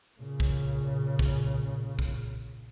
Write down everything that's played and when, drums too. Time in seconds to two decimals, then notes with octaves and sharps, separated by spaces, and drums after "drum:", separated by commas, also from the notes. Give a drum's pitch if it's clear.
0.20 A#2 C#3
0.40 drum: kick
1.19 drum: kick
1.99 drum: kick